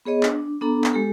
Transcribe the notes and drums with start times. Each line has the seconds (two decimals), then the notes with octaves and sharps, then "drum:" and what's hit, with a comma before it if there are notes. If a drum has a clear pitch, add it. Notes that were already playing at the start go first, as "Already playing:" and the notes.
0.05 B3 G#4 C#5 D#5
0.23 D4, drum: clap
0.61 B3 D4 A4 A#5
0.84 drum: clap
0.93 G#3 G4 A4